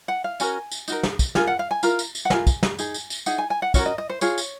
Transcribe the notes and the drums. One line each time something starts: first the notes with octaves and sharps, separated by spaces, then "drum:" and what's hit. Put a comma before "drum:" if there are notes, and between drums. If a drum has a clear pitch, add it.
F#5
F5
C#4 F#4 A#4 G#5, drum: tambourine
drum: tambourine
D#4 F#4 A#4, drum: tambourine
drum: snare
drum: kick, tambourine
F4 A#4 G#5, drum: snare
F#5
F5
G#5
F4 A#4 A#5, drum: tambourine
drum: tambourine
drum: tambourine
F#5
F4 A#4 G#5, drum: snare
drum: kick, tambourine
drum: snare
D#4 G#4, drum: tambourine
drum: tambourine
drum: tambourine
D#4 G#4 F#5, drum: tambourine
G#5
G#5
F#5
C#4 F#4 A#4 C#5, drum: kick, tambourine
D#5
D#5
C5
F4 G#4 C#5, drum: tambourine
drum: tambourine